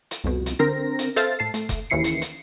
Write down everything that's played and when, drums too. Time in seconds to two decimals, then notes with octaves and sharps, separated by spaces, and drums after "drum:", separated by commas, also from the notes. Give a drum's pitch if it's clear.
0.11 drum: hi-hat
0.24 C2 F2 B2
0.46 drum: hi-hat
0.59 D3 C4 A#4 C5 A#6
0.99 drum: hi-hat
1.16 A4 C5 E5 F5 A6, drum: hi-hat
1.39 A2 A5 C7
1.54 A3, drum: hi-hat
1.69 drum: kick F1, hi-hat
1.90 D#2 C#3 E3 E4 C7 C#7
2.04 drum: hi-hat
2.22 drum: hi-hat